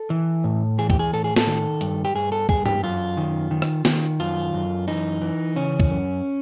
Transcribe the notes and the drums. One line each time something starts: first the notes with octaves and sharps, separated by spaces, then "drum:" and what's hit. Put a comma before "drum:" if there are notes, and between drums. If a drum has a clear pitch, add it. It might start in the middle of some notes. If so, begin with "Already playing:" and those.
Already playing: A4
E3
A2
E3 G#4
G4, drum: kick
G#4
A2 A4
G#4
A4, drum: snare
D#3
G2, drum: hi-hat
G4
G2 G#4
A4
G2 G#4, drum: kick
G4, drum: tom G2
F#2 F4
D#3
D#3
drum: rim click
D#3, drum: snare
F#2 F4
F#2
E3 D#4
E3
C#3 C#4
drum: kick
F#2